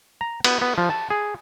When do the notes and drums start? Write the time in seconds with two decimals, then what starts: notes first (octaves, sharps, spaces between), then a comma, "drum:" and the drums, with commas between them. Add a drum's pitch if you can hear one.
0.21 A#5
0.44 B3, drum: cymbal
0.61 B3
0.78 F3
0.90 A5
1.10 G#4